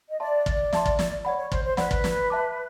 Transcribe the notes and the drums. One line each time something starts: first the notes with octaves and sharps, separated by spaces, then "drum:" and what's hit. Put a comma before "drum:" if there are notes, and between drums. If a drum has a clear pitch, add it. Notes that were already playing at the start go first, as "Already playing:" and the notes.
D#5
D5 E5 A5 C6
drum: kick
E5 A5 C6, drum: snare
drum: kick
drum: snare
C#5 D5 F#5 B5
C#5
C5, drum: kick
C5
B4 D5 F#5 B5, drum: snare
drum: kick
drum: snare
E5 A5 D6